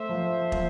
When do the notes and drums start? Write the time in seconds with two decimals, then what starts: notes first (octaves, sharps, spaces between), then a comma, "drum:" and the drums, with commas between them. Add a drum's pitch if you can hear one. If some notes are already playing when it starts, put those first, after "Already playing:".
Already playing: A3 C5 E5
0.09 F3
0.52 F3, drum: kick